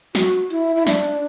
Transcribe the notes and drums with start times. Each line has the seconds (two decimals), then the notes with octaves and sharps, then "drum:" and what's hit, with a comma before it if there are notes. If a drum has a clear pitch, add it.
0.15 F#4, drum: snare
0.33 drum: hi-hat
0.50 E4, drum: hi-hat
0.76 E4
0.87 D4, drum: snare
1.04 drum: hi-hat